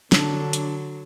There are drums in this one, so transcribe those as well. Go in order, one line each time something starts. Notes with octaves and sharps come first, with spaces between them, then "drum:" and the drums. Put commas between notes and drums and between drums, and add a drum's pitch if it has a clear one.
D3 F#3 D4, drum: snare
drum: hi-hat